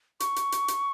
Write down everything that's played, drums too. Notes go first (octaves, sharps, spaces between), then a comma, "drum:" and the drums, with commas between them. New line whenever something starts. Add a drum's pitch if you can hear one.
C#6, drum: hi-hat
drum: hi-hat
drum: hi-hat
drum: hi-hat